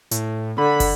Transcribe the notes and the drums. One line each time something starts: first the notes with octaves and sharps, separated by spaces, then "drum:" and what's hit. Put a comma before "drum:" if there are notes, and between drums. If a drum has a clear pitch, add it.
A2, drum: hi-hat
D3 B5
drum: kick, open hi-hat